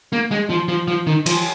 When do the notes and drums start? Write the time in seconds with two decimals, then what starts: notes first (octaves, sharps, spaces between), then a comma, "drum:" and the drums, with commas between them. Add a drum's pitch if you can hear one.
0.13 A#3
0.31 G#3
0.50 F3
0.68 F3
0.88 F3
1.07 D#3
1.26 F3, drum: cymbal